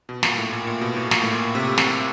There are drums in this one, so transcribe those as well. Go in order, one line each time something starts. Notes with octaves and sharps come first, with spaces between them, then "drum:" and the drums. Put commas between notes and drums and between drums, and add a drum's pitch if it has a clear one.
B2
A#2, drum: snare
A2
A#2
A#2
B2
A2
A#2, drum: snare
A2
A#2
C3
drum: snare